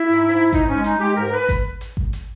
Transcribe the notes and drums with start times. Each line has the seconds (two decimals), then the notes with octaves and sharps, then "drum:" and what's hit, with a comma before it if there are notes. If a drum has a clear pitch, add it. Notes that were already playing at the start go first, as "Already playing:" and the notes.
Already playing: E4
0.10 G#2
0.31 G#2
0.53 G#2 D#4, drum: kick G#1, hi-hat
0.69 C#4
0.74 G#3
0.84 D#4, drum: hi-hat
0.96 G#3 G4
1.16 G#2 A#4
1.33 B4
1.49 drum: kick G#1, hi-hat
1.81 drum: hi-hat
1.97 drum: kick G#1
2.13 drum: hi-hat